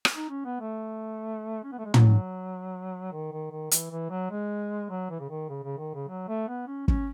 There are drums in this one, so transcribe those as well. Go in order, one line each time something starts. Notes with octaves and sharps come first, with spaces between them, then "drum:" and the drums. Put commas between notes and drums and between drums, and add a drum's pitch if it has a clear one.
drum: rim click
D#4
C#4
B3
A3
C#4
B3
A3
G#3
F#3, drum: tom
D#3
D#3
D#3
E3, drum: hi-hat
E3
F#3
G#3
F#3
E3
C#3
D#3
C#3
C#3
D#3
C#3
F#3
A3
B3
C#4
C#4, drum: kick